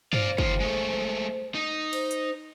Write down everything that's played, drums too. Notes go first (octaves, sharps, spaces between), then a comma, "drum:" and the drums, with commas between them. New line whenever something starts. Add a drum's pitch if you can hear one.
C5 D5 F5, drum: tom G2
D#3 F4, drum: kick
G#3 A3
D#4
C5, drum: cymbal
drum: hi-hat